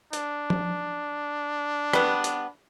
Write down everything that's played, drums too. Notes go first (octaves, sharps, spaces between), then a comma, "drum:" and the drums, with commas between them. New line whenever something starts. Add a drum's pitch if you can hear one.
D4, drum: hi-hat
drum: tom F3
G3 B3, drum: rim click
drum: hi-hat